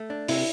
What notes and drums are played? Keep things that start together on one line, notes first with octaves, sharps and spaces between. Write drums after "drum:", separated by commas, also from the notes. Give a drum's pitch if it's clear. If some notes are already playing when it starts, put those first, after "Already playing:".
Already playing: A3
D4
C3 E4, drum: open hi-hat